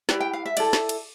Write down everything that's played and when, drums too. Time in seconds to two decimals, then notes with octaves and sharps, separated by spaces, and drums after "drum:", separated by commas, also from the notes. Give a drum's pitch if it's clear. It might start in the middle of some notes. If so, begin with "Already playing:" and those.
0.09 E4 G4 B4 D5, drum: snare
0.20 G5
0.33 F5
0.46 E5
0.57 E4 A4 D5, drum: cymbal
0.73 drum: snare
0.89 drum: cymbal